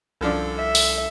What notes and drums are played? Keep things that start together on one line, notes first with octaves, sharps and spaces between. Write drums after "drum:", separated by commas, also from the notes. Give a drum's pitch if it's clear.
C2 F#2 F3 D4 A4
E5
drum: open hi-hat